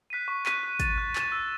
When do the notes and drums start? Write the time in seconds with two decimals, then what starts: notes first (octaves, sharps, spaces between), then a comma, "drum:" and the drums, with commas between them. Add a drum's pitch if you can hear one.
0.10 F#6 B6 D#7
0.28 C#6
0.46 F#6 B6 D#7, drum: clap
0.63 F#6
0.80 A6 E7, drum: kick, hi-hat
0.98 F#6
1.16 A6 E7, drum: clap
1.32 E6